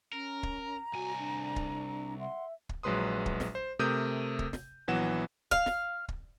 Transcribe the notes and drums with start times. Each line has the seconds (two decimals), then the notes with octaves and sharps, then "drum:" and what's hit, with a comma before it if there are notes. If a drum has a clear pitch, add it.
0.13 C#4 A#4 A#5
0.43 drum: kick
0.93 C2 F#4 G#5
1.19 D4
1.56 drum: kick
2.19 E5 F#5 C6
2.69 drum: kick
2.83 A#1 F#3 G#3 B4 C6 D#6
3.26 drum: kick
3.40 drum: snare
3.55 C5
3.79 C3 A3 A#4 D#6 G6 D#7
4.39 drum: kick
4.53 drum: snare
4.88 A#1 E3 F#3 B3 F#5 E7
5.51 F5, drum: kick
5.66 drum: snare
6.08 drum: kick